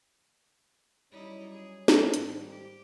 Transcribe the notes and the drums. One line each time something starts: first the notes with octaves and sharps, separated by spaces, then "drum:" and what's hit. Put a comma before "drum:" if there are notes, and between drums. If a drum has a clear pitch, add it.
F#2 G3 C#4 D#4 E4 C#5
G#4
drum: snare
G#2 D#3 G3 C4, drum: hi-hat
G4